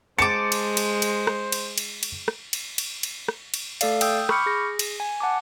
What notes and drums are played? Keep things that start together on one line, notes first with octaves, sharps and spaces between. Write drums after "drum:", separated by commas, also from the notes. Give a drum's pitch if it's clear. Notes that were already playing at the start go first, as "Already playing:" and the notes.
G#3 C5 A5 D6 C#7
drum: cymbal
drum: cymbal
drum: cymbal
drum: rim click
drum: cymbal
drum: cymbal
drum: cymbal
drum: rim click
drum: cymbal
drum: cymbal
drum: cymbal
drum: rim click
drum: cymbal
A3 A4 D5 F5, drum: cymbal
G5 D#6 E6 G6, drum: cymbal
B5 C#6 D6 F6 G6 C#7, drum: rim click
G#4 A#6
drum: cymbal
G#5
F#5 A5 D6